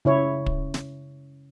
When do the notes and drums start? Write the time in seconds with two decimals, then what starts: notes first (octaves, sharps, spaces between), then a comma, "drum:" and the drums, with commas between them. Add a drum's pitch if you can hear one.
0.05 C#3 E4 C#5
0.46 drum: kick
0.74 drum: snare